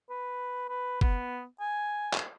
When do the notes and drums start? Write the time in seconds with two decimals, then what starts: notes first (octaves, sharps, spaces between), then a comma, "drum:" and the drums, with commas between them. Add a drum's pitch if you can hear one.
0.09 B4
0.68 B4
1.01 B3, drum: kick F#1
1.60 G#5
2.14 drum: clap